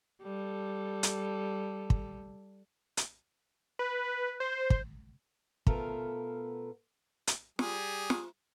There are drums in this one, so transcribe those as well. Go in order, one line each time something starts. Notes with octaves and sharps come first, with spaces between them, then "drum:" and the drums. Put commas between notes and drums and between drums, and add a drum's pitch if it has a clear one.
G3 A4
drum: hi-hat
drum: kick
drum: hi-hat
B4
C5
drum: kick
B2 A3 B3 F4 A4 A#4, drum: kick
drum: hi-hat
G3 G#4, drum: snare
drum: snare